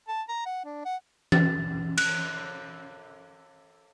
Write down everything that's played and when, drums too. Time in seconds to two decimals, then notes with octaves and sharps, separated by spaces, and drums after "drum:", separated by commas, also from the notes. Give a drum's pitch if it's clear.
0.08 A5
0.29 A#5
0.46 F#5
0.65 D4
0.85 F#5
1.32 A6, drum: tom E3
1.98 F#6, drum: cymbal